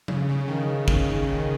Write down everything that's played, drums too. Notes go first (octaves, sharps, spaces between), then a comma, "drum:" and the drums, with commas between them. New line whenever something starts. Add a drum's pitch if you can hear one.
C#3, drum: tom F3
C#3
D#3
D#3
C#3, drum: kick
C#3
D#3